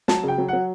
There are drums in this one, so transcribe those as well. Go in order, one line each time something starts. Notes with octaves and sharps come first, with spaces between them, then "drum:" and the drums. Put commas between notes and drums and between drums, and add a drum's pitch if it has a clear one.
F#3 A5, drum: snare
C#3 G5
F#3
F#3 F#5